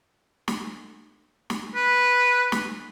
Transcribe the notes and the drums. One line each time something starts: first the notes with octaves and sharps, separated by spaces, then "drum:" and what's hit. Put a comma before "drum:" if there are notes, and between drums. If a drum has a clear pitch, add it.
drum: snare
drum: snare
B4
drum: snare